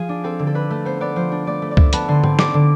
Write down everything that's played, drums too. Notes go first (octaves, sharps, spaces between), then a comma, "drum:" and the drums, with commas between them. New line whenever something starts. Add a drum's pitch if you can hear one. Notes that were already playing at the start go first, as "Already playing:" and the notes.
Already playing: F3 G#4 F5
D4
C4 A4
D3
A4
D4 B4
A3
B3 C5
B3 D5
F3 C5
D4
A3 D5
A3
D5
D4 E5, drum: kick C#2
B3 A5, drum: hi-hat
D3 C6
C4, drum: tom G#2
D4 D6, drum: snare
D3